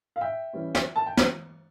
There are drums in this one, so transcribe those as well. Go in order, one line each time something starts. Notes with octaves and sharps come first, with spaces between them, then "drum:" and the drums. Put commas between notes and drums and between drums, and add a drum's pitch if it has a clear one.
F5
E5 G5
E3 G3 C#4
drum: snare
A5
G5
drum: snare